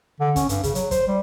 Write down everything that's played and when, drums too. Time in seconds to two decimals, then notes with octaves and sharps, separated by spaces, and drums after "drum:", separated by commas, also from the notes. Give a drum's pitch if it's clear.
0.20 D3
0.36 C#4, drum: kick, hi-hat
0.49 G2, drum: hi-hat
0.63 C#3, drum: kick, hi-hat
0.75 F#3, drum: hi-hat
0.91 C5, drum: kick, hi-hat
1.08 G3